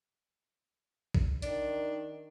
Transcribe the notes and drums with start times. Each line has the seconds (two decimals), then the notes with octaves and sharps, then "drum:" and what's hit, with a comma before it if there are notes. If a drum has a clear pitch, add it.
1.14 drum: kick A#1
1.42 D#3 D4, drum: hi-hat